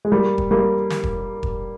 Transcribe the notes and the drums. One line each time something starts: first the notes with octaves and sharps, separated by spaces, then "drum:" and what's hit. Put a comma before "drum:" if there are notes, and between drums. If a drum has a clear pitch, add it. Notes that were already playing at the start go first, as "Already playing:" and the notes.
G#3
G3 A#3
drum: kick E1
G3 A#3
drum: snare
drum: kick E1
drum: kick E1